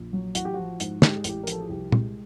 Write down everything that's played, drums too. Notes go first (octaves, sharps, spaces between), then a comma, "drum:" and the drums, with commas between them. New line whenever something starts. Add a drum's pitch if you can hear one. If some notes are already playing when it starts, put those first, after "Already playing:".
Already playing: A#1
F#3
A1 F#4, drum: hi-hat
G4
F3 F#4
G#2, drum: hi-hat
G#3 G4, drum: snare
G#4
A1 G4, drum: hi-hat
A#4
F3 A4, drum: hi-hat
G#4
C2 G4
G#3, drum: tom